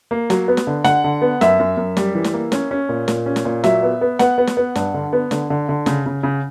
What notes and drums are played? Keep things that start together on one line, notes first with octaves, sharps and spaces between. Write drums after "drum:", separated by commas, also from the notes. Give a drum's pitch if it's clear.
A#3
F#3, drum: snare
B3
drum: snare
D3
D3 F#5, drum: snare
D3
B3
F#2 E5, drum: snare
F#2
F#2
G3, drum: snare
E3
drum: snare
A#3
C#4, drum: snare
C#4
A#2
A#2, drum: snare
C#4
drum: snare
A#2
F#3 E5, drum: snare
B3
B3
B3 F#5, drum: snare
B3
drum: snare
B3
G2, drum: snare
D3
B3
D3, drum: snare
D3
D3
C#3, drum: snare
C#3
C#3